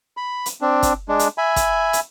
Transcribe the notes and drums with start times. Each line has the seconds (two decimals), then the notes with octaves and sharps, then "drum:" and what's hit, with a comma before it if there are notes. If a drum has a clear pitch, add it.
0.17 B5
0.46 drum: hi-hat
0.62 C4 D4
0.83 drum: kick, hi-hat
1.09 G#3 D4
1.19 drum: hi-hat
1.38 E5 G#5 B5
1.56 drum: kick, hi-hat
1.93 drum: hi-hat